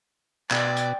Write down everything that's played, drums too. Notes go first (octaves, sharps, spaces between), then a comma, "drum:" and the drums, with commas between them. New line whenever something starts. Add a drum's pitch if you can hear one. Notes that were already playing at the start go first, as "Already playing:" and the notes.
B2 D5 G5, drum: clap
drum: hi-hat